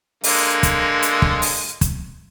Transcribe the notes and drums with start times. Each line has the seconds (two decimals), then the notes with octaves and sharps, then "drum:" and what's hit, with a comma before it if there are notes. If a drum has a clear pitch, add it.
0.24 D3 G#3 A#3, drum: open hi-hat
0.63 drum: kick, hi-hat
1.02 drum: hi-hat
1.22 drum: kick
1.42 drum: open hi-hat
1.81 drum: kick, hi-hat